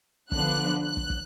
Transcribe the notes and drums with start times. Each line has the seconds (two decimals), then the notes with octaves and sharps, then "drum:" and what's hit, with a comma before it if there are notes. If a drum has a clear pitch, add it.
0.32 D3 F3 B3 D4 F#6, drum: kick
0.84 F#6
0.97 drum: kick
1.10 drum: kick